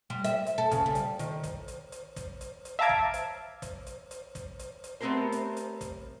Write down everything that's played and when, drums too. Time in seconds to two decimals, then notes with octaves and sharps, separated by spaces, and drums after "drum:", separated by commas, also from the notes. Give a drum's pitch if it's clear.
0.10 G3
0.24 E5, drum: hi-hat
0.46 drum: hi-hat
0.58 A4
0.71 C#3, drum: kick, hi-hat
0.86 G3
0.95 drum: hi-hat
1.19 D#3, drum: hi-hat
1.44 drum: kick, hi-hat
1.68 drum: hi-hat
1.92 drum: hi-hat
2.16 drum: kick, hi-hat
2.41 drum: hi-hat
2.65 drum: hi-hat
2.79 E5 F5 A5 A#5 D6 G#6
2.89 drum: kick
3.14 drum: hi-hat
3.62 drum: kick, hi-hat
3.87 drum: hi-hat
4.11 drum: hi-hat
4.35 drum: kick, hi-hat
4.59 drum: hi-hat
4.84 drum: hi-hat
5.01 A3 B3 C4 G4 A#4 C5
5.32 drum: hi-hat
5.57 drum: hi-hat
5.81 drum: kick, hi-hat